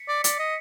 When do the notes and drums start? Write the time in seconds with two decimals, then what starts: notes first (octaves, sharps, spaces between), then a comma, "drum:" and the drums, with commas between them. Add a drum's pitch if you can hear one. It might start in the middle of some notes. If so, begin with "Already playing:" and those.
Already playing: B6 C#7
0.08 D5
0.24 D5, drum: hi-hat
0.39 D#5